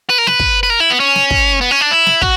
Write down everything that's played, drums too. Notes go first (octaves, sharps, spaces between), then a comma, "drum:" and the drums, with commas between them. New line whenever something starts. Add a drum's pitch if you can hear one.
B4
A#4
B4, drum: snare
drum: kick
B4
A#4
E4
B3
C#4
drum: snare
drum: kick
B3
C#4
D4
E4
drum: snare
F#4, drum: kick